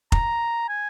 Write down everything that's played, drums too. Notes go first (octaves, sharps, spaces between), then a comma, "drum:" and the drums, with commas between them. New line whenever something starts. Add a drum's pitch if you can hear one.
A#5, drum: kick F1
G#5